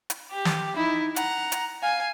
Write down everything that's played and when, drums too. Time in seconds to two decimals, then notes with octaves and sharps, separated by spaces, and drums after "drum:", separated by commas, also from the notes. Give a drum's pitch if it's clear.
0.10 drum: hi-hat
0.31 G4
0.45 drum: snare
0.76 D#4 E4
1.16 F#5 A#5, drum: hi-hat
1.52 drum: hi-hat
1.82 F5 G#5